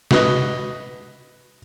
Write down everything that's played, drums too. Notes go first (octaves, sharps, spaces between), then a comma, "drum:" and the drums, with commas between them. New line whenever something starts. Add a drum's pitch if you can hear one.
F#4 B4 D#5, drum: snare